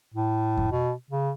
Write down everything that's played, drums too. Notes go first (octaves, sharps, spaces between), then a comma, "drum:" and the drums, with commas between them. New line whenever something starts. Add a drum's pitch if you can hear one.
A2
drum: kick F2
B2
C#3